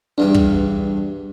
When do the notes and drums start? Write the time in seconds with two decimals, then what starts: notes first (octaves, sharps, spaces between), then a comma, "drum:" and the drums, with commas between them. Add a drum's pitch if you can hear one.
0.18 E2 G2 G3 D4
0.34 drum: kick